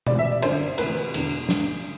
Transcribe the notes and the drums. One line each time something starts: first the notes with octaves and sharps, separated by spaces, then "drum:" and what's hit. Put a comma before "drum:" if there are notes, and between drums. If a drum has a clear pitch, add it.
D2 C3 E3 D5, drum: tom B2
E5
D5
G1 F#2 D3 C5, drum: cymbal
D2 C3 E3 B4, drum: cymbal
E1 E2 D3, drum: cymbal
A1 G2 D3, drum: snare